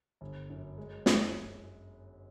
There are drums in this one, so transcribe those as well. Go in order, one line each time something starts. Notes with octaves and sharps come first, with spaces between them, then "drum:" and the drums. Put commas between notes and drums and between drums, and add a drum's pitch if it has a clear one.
G1
F#2
G#3
F#2, drum: snare